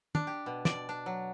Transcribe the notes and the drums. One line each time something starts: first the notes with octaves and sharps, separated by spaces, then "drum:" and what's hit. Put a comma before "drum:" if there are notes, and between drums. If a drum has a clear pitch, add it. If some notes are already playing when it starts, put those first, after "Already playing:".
D4, drum: tom
G4
B2
D5, drum: snare
D4
F#3